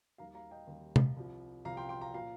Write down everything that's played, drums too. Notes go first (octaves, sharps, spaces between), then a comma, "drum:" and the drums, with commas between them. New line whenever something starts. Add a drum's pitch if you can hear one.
D#2 D#3 G3 F5 A#5
F5 A#5
D#5 G5
D#2 D#3 G3
drum: tom
C2 C3 F3
C2 C3 F3 F5 A#5
G5 C6
G5 C6
F5 A#5
A#2 F3 F5 A#5